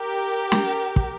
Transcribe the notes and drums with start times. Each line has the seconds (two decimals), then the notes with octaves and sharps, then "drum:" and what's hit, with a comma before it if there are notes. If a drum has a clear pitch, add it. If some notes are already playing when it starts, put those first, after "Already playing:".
Already playing: G4 A#4
0.52 drum: snare
0.96 drum: kick